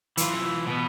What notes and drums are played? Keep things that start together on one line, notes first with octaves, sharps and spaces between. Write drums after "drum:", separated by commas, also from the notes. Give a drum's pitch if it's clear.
E3 F4, drum: hi-hat
B2 B3